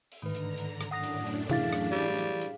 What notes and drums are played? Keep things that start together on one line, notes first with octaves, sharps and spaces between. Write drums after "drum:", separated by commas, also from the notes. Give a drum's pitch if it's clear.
drum: open hi-hat
G#2 D3 D#3 A3 B4 A#5
drum: hi-hat
drum: hi-hat
drum: rim click
F#2 A2 D4 F#5 D#6 A#6
drum: hi-hat
drum: hi-hat
E3 E4 G#4 F5 A6, drum: tom C3
drum: rim click
G3
drum: hi-hat
drum: hi-hat